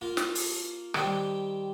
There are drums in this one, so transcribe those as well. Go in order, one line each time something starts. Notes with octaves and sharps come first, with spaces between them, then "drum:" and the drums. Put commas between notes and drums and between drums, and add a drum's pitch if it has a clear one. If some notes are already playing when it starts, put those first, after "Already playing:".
A#3 F4 A#4
drum: snare
drum: open hi-hat
D#3 G3 C4 G4, drum: rim click